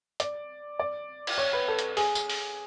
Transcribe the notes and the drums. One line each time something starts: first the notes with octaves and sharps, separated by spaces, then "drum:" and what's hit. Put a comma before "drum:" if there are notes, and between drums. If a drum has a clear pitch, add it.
D5, drum: hi-hat
D5
drum: cymbal
C#5
B4
A4
drum: hi-hat
G#4, drum: open hi-hat
drum: tambourine
drum: open hi-hat